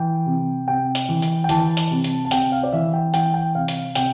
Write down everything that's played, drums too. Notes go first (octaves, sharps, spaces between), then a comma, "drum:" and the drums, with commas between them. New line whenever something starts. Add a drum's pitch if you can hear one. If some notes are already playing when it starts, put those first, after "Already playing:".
Already playing: E3 G5
C3
C3 G5
drum: hi-hat
E3
drum: hi-hat
G5
E3 A5, drum: hi-hat
drum: hi-hat
C3
drum: hi-hat
A5
C3 G5, drum: hi-hat
F5
D5
E3 E5
G5
E3 G5, drum: hi-hat
G5
C3 F5
drum: hi-hat
C3 G5, drum: hi-hat